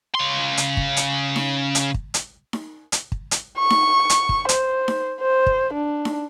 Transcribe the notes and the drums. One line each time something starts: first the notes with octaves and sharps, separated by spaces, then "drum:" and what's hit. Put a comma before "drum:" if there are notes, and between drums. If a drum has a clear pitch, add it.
C#3 C6
drum: hi-hat
drum: kick
drum: hi-hat
drum: snare D#4
drum: hi-hat
drum: kick
drum: hi-hat
drum: snare D#4
drum: hi-hat
drum: kick
drum: hi-hat
C#6
drum: snare D#4
drum: hi-hat
drum: kick
C5, drum: hi-hat
drum: snare D#4
C5
drum: kick
D4
drum: snare D#4